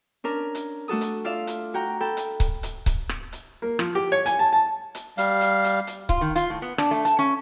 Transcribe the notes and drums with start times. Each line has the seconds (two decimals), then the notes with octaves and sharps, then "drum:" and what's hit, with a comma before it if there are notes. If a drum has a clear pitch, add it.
0.24 C#4 D4 A#4
0.55 drum: hi-hat
0.88 A3 D4 F#4 A4 D#6
1.01 drum: hi-hat
1.24 F4 D5 E5 F5
1.47 drum: hi-hat
1.74 F#4 G5 A#5
2.00 A4 G5 B5
2.17 drum: hi-hat
2.40 drum: kick C#1, hi-hat
2.63 drum: hi-hat
2.86 drum: kick C#1, hi-hat
3.09 drum: rim click
3.33 drum: hi-hat
3.62 A#3
3.79 F3, drum: rim click
3.95 G4
4.12 C#5
4.26 G#5, drum: hi-hat
4.39 A5
4.53 A5
4.95 drum: hi-hat
5.18 G3 F5, drum: hi-hat
5.41 drum: hi-hat
5.64 drum: hi-hat
5.87 drum: hi-hat
6.09 F4, drum: kick C#1
6.21 D#3
6.35 F4, drum: hi-hat
6.50 A2
6.62 B3
6.78 D4, drum: rim click
6.91 A3
7.05 A5, drum: hi-hat
7.19 C#4